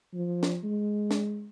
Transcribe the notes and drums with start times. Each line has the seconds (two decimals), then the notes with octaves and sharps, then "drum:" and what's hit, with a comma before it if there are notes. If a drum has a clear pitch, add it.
0.14 F3
0.43 drum: snare
0.63 G#3
1.11 drum: snare